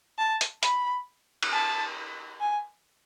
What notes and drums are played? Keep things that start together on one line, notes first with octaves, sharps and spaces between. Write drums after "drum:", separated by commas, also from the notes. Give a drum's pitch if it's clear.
A5
drum: hi-hat
B5, drum: hi-hat
drum: cymbal
A5
G#5